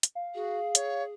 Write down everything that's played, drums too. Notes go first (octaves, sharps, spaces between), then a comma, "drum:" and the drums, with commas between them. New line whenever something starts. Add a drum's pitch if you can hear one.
drum: hi-hat
F5
F#4 G#4
C#5, drum: hi-hat